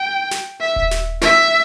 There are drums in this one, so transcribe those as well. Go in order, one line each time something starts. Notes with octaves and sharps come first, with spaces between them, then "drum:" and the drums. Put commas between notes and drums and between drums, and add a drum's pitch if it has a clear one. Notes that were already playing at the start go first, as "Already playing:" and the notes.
Already playing: G5
drum: snare
E5
drum: kick D#1
drum: snare
E5, drum: snare